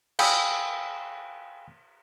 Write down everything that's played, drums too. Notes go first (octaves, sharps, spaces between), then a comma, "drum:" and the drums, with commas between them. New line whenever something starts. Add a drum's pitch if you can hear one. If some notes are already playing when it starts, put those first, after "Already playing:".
F5 G5 G#5 B5 D#6 E6, drum: cymbal